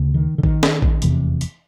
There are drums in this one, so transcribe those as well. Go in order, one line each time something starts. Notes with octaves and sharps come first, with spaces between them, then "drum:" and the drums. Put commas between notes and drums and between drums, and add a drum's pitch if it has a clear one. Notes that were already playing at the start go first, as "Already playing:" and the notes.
Already playing: D2 C#3
D#3
D3
D#3, drum: kick A1
drum: snare
drum: kick A1
F1 E2 C3, drum: hi-hat
drum: hi-hat